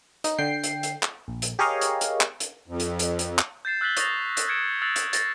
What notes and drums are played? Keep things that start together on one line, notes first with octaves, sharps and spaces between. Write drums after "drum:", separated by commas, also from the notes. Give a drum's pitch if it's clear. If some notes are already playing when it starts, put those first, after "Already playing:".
D#4, drum: hi-hat
D3 G5 C7
drum: hi-hat
drum: hi-hat
drum: clap
A#1
drum: hi-hat
G4 G#4 A#4 C#5 D#5 F5
drum: hi-hat
drum: hi-hat
drum: clap
drum: hi-hat
F2
drum: hi-hat
drum: hi-hat
drum: hi-hat
drum: clap
G6 A6 C7 E7
E6 F#6 A6 B6 F#7 G7
C#6 D#6 A6 A#6 F7, drum: hi-hat
drum: hi-hat
F6 G#6 C#7 D7 E7
E6 F#6 A6 C7 F7 F#7
drum: hi-hat
A6 A#6, drum: hi-hat